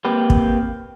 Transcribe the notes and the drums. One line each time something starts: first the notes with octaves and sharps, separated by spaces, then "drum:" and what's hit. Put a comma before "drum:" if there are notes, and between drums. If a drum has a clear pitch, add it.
A#3 C4 G4 B4
drum: kick